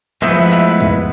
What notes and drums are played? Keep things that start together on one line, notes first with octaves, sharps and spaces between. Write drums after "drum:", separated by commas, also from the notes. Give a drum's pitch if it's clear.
F3 G#3 A3 B3 E4 B4 E5 G6, drum: clap
drum: clap
drum: kick